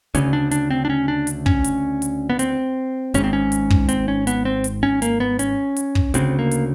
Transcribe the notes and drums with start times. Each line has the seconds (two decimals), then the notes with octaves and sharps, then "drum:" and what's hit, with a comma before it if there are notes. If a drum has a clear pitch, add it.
0.15 D2 C#3 C#4, drum: hi-hat
0.33 D4
0.51 D4, drum: hi-hat
0.70 C4
0.85 D4
0.90 C#4
1.08 D4
1.27 drum: hi-hat
1.46 C#4, drum: kick
1.64 drum: hi-hat
2.02 drum: hi-hat
2.30 B3
2.39 C4, drum: hi-hat
3.14 G#1 G#2 C#4, drum: hi-hat
3.24 C4
3.33 C#4
3.52 drum: hi-hat
3.70 drum: kick
3.89 C4, drum: hi-hat
4.08 C#4
4.27 B3, drum: hi-hat
4.45 C4
4.64 drum: hi-hat
4.83 C#4
5.02 A#3, drum: hi-hat
5.20 B3
5.39 C#4, drum: hi-hat
5.76 drum: hi-hat
5.95 drum: kick
6.14 D2 C#3 C4, drum: hi-hat
6.39 A#3
6.51 drum: hi-hat